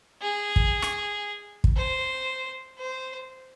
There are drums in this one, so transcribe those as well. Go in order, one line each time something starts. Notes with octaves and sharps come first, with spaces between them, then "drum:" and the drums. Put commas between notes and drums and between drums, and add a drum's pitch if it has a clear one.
G#4
drum: kick
drum: rim click
drum: kick
C5
C5